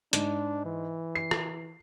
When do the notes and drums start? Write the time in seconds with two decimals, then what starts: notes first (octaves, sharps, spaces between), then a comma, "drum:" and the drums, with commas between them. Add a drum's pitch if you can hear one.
0.13 G#2 D4, drum: hi-hat
0.66 E3
1.15 C7
1.31 drum: rim click